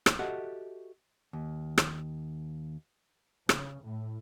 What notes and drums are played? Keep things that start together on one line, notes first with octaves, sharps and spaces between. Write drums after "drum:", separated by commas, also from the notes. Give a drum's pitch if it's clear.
drum: rim click
F#4 G4 A4 D#5 E5 F#5
D#2
drum: rim click
C#3, drum: rim click
A2